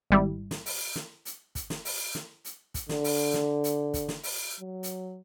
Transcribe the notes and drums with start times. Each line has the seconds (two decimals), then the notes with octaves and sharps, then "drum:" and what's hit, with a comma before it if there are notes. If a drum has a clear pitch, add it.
0.11 G#1 G3 E4
0.51 drum: snare
0.66 drum: open hi-hat
0.96 drum: snare
1.25 drum: hi-hat
1.55 drum: kick, hi-hat
1.70 drum: snare
1.85 drum: open hi-hat
2.15 drum: snare
2.45 drum: hi-hat
2.74 drum: kick, hi-hat
2.89 D3, drum: snare
3.04 drum: open hi-hat
3.34 drum: snare
3.64 drum: hi-hat
3.94 drum: kick, hi-hat
4.08 drum: snare
4.23 drum: open hi-hat
4.60 F#3
4.83 drum: hi-hat